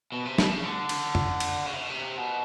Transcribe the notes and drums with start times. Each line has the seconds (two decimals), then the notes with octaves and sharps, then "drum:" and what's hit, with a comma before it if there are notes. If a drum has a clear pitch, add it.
0.12 B2
0.26 C3
0.38 B2, drum: snare
0.50 C#3
0.64 D3
0.89 drum: cymbal
1.15 drum: tom F2
1.40 drum: cymbal
1.66 C#3
1.73 C3
1.81 B2
1.90 C3
2.17 B2